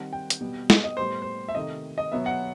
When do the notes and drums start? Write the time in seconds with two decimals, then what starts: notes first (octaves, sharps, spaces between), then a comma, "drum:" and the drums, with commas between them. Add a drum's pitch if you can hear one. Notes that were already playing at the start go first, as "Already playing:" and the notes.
Already playing: D#3 G3 C4 F#5
0.13 G5
0.30 drum: hi-hat
0.41 B2 G3 B3
0.70 D#5, drum: snare
0.84 D#5
0.97 A2 G3 B3 C5
1.22 C5
1.48 E5
1.55 C3 D#3 A3 D#5
1.98 D#5
2.12 B2 F#3 B3 E5
2.26 F#5